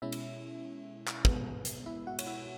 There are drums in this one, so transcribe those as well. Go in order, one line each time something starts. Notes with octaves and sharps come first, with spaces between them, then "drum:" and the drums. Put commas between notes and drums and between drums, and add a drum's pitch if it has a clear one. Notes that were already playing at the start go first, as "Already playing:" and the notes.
B2 G#3 C#4 E4 E5
drum: cymbal
drum: clap
B2 G#3 B3, drum: kick
drum: hi-hat
E4 E5
F#4 F#5
C#5, drum: cymbal
E4 E5